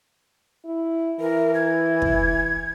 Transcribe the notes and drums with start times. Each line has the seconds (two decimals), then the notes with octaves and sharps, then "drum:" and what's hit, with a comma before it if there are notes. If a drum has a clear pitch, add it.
0.65 E4
1.20 E3 A#4
1.55 G#6
2.02 drum: kick